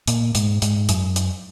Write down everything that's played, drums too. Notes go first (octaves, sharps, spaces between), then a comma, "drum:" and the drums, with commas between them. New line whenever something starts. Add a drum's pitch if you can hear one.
A#2, drum: hi-hat
G#2, drum: hi-hat
G#2, drum: hi-hat
F#2, drum: hi-hat
drum: hi-hat